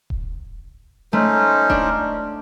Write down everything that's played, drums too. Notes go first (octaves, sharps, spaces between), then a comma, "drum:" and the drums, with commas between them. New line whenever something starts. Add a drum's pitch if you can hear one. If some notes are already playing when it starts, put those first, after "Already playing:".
drum: kick D#1
A3 C#4 D#4 C5
D4, drum: kick D#1